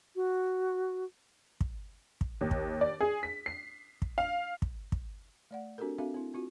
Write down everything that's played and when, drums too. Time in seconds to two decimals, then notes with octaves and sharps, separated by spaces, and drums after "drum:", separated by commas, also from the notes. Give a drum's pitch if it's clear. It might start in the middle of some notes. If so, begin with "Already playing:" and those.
0.16 F#4
1.61 drum: kick
2.21 drum: kick
2.41 D#2
2.51 drum: kick
2.81 D5
3.00 G#4
3.23 B6
3.46 C7
4.02 drum: kick
4.18 F5
4.62 drum: kick
4.92 drum: kick
5.51 A3 D5 F#5
5.78 C4 D4 F#4 G4 A4 A#4
5.98 C4 D4 F#4 A4 E5 F5
6.14 C4 E4
6.34 C4 F4 F#4